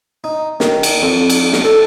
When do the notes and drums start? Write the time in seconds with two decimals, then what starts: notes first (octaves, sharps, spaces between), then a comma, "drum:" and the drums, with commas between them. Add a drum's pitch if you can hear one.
0.24 D#4
0.60 D#3, drum: snare
0.83 drum: cymbal
1.02 F2
1.30 drum: cymbal
1.53 drum: snare
1.64 A4